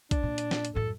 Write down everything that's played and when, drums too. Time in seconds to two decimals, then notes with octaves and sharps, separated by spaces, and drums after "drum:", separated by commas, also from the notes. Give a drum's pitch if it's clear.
0.11 D4, drum: kick B1, hi-hat
0.23 A#2
0.38 drum: hi-hat
0.51 drum: snare
0.65 drum: hi-hat
0.75 F#2 A2 A4